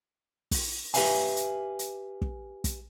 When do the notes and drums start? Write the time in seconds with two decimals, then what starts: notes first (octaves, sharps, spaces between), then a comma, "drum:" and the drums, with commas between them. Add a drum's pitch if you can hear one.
0.51 drum: kick, open hi-hat
0.94 G4 B4 C5 E5 F5 G#5, drum: open hi-hat
1.36 drum: hi-hat
1.79 drum: hi-hat
2.22 drum: kick
2.64 drum: kick, hi-hat